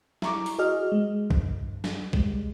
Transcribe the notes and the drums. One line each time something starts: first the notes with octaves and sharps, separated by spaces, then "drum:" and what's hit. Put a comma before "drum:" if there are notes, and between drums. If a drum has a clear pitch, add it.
E4 A#5 C#6 D6, drum: snare
drum: open hi-hat
F#4 G#4 D#5 F6
G#3
G2, drum: kick B1
drum: snare
G3 G#3, drum: kick B1